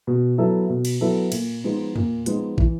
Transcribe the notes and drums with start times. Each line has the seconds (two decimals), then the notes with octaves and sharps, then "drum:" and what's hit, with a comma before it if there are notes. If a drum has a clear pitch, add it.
0.07 B2
0.38 F#3 B3 E4 A4
0.70 B2
0.85 drum: cymbal
1.01 F#3 B3 E4 A4
1.32 A#2, drum: cymbal
1.64 F3 G#3 B3 D#4
1.96 A#2, drum: tom E2
2.26 F3 G#3 B3 D#4, drum: hi-hat
2.58 E3, drum: kick